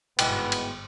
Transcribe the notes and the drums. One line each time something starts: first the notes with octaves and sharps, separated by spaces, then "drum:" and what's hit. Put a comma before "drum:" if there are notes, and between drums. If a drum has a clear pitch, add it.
G1 G#2 B2 G#3 B3 E4 G5, drum: cymbal
drum: cymbal